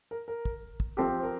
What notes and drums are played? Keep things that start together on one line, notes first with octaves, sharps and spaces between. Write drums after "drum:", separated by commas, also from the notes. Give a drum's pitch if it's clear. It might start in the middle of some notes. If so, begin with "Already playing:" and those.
A#4
A#4
drum: kick
drum: kick
F3 C4 G4 A4
C5
A#4